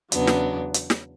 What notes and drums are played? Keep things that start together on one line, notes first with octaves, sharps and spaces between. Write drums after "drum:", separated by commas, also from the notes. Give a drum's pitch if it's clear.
E2 C#3 F#3 B3 D4, drum: hi-hat
drum: snare
drum: hi-hat
drum: snare